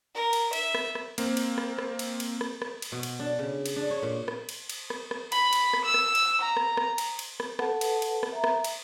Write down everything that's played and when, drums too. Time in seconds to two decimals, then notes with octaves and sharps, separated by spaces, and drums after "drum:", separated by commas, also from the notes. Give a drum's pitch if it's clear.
0.15 A#4
0.33 drum: cymbal
0.53 E5, drum: cymbal
0.75 drum: rim click
0.95 drum: rim click
1.18 A#3 C4, drum: cymbal
1.37 drum: cymbal
1.58 drum: rim click
1.78 drum: rim click
1.99 drum: cymbal
2.20 drum: cymbal
2.41 drum: rim click
2.62 drum: rim click
2.82 drum: cymbal
2.92 B2
3.03 drum: cymbal
3.19 D4
3.39 C#3
3.66 drum: cymbal
3.76 D4
3.90 C#5
4.02 A#2
4.28 drum: rim click
4.49 drum: cymbal
4.70 drum: cymbal
4.90 drum: rim click
5.11 drum: rim click
5.32 B5, drum: cymbal
5.53 drum: cymbal
5.73 drum: rim click
5.85 E6
5.94 drum: rim click
6.15 drum: cymbal
6.42 A#5
6.57 drum: rim click
6.77 drum: rim click
6.98 drum: cymbal
7.19 drum: cymbal
7.40 drum: rim click
7.59 A4 B4 F#5 A5, drum: rim click
7.81 drum: cymbal
8.02 drum: cymbal
8.23 drum: rim click
8.32 E5 A#5
8.44 drum: rim click
8.64 drum: cymbal